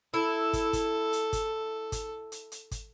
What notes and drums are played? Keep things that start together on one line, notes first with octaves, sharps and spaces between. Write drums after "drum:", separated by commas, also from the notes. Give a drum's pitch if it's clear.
E4 A4
drum: kick, hi-hat
drum: kick, hi-hat
drum: hi-hat
drum: kick, hi-hat
drum: kick, hi-hat
drum: hi-hat
drum: hi-hat
drum: kick, hi-hat